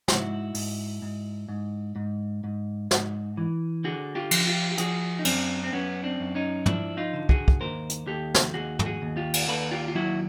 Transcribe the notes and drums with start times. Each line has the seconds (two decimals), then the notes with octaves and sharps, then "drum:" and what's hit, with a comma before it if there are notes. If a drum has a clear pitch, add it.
0.08 G#2 E4 F#4, drum: snare
0.55 G#2, drum: open hi-hat
1.02 G#2
1.49 G#2
1.96 G#2
2.44 G#2
2.91 G#2, drum: snare
3.37 E3
3.84 D3 F#4 G#4
4.15 F4 G4
4.31 F3, drum: cymbal
4.47 F4 G4
4.72 G4
4.78 F3 F#4 G#4, drum: hi-hat
5.19 D#4
5.25 F#2 C4 D4, drum: cymbal
5.64 C4
5.73 F#2 B3 C#4
6.04 C4 D4
6.20 F#2
6.35 C#4 D#4
6.66 F3 D4 E4, drum: tom
6.97 D#4 F4
7.13 D3
7.29 F#4 G#4, drum: kick
7.48 drum: kick
7.61 D#2 A#4 C5
7.90 drum: hi-hat
8.07 D#2 G4 A4
8.35 drum: snare
8.54 D#2 F#4 G#4
8.79 A4, drum: tom
8.86 F#4 G#4
9.02 D#2
9.17 F4 G4
9.34 drum: cymbal
9.48 D#2 A4 B4
9.71 F4 G4
9.88 F4
9.95 F#3 E4 F#4